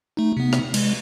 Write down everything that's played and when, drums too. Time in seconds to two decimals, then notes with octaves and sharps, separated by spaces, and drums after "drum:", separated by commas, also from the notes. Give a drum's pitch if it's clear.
0.17 A3 D#4
0.37 C3 B3
0.53 drum: rim click
0.74 G#3, drum: cymbal